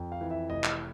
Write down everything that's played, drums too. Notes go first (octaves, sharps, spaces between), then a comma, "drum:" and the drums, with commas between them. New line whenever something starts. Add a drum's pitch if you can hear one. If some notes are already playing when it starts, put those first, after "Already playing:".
Already playing: F2
F5
E3
E5
F1 D#5
drum: clap